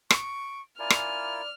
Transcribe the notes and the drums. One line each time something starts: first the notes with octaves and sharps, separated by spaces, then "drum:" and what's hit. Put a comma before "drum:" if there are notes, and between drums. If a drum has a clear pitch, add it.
C#6 D7, drum: rim click
E4 F4 A#4 D5 G#5 F6
drum: rim click